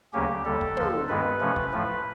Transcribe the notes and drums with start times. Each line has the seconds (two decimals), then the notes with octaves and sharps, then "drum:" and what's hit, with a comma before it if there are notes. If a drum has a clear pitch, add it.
0.13 D2 C#3 F#3 A#3 C#4 G4
0.45 D#2 D3 G3 A4
0.61 drum: kick
0.77 D#2 D3 F3, drum: tom
1.09 G2 D#3 G#3 B3 B4
1.40 C3 F3 A3 C#4
1.56 drum: kick
1.72 A2 F3 A3 B4